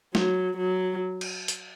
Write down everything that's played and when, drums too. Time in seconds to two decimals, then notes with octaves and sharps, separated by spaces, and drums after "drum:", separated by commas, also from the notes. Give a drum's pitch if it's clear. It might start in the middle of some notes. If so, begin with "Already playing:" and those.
0.15 F#3, drum: snare
0.58 F#3
1.21 drum: cymbal
1.48 drum: hi-hat